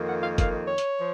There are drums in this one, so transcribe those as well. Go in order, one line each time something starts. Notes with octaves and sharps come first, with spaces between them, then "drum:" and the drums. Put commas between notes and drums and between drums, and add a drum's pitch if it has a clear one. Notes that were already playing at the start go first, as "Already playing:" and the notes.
Already playing: F2 D#3 A#3
F#5
F5
F5, drum: kick, hi-hat
C#5
drum: hi-hat
F3